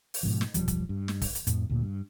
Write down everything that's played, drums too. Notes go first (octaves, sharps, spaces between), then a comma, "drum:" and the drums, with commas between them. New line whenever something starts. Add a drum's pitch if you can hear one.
drum: open hi-hat
G#2 B2 F3
drum: snare
E1 F2 F3 G3, drum: hi-hat
drum: kick, hi-hat
G2
drum: snare
drum: kick, open hi-hat
drum: hi-hat
F2 A2, drum: hi-hat
D2 A#2
G2